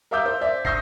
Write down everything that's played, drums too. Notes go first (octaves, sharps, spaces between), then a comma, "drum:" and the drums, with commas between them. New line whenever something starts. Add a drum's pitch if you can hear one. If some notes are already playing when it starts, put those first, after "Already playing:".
A#4 E5 F5 D6 E6 G6
C5
D5 E5
C#6 D#6 E6 G6 A#6 C7, drum: kick